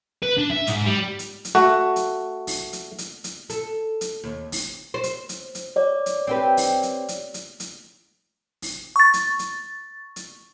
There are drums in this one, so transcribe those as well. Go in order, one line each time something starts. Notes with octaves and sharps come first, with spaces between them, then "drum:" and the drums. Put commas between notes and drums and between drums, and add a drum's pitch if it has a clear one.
B4
D4
E5
G#2, drum: hi-hat
G3
drum: hi-hat
drum: hi-hat
A3 F#4
drum: hi-hat
drum: open hi-hat
drum: hi-hat
drum: hi-hat
drum: hi-hat
A4, drum: hi-hat
drum: hi-hat
D#2
drum: open hi-hat
C5
drum: hi-hat
drum: hi-hat
drum: hi-hat
C#5 D5
drum: hi-hat
C4 G4 B4
drum: open hi-hat
drum: hi-hat
drum: hi-hat
drum: hi-hat
drum: hi-hat
drum: open hi-hat
C#6 A6
drum: hi-hat
drum: hi-hat
drum: hi-hat